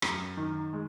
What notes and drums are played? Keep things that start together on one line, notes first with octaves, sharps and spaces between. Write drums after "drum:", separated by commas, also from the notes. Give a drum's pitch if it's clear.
F#2, drum: rim click
D#3
G#3